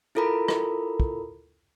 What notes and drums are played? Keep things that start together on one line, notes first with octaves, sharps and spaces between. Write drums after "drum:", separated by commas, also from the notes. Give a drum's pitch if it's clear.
E4 F4 A4 A#4 A#5 B5
drum: rim click
drum: kick